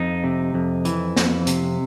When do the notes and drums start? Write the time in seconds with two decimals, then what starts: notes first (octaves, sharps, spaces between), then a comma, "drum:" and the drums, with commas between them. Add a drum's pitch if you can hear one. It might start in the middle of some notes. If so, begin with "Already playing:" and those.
Already playing: F2 D#4
0.24 C3
0.54 F2
0.85 E3, drum: hi-hat
1.16 F2, drum: snare
1.47 C3, drum: hi-hat